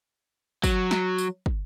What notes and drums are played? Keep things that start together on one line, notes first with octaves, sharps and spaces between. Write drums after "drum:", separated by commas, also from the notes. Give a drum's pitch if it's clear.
F#3, drum: kick, tambourine
drum: snare
drum: tambourine
drum: kick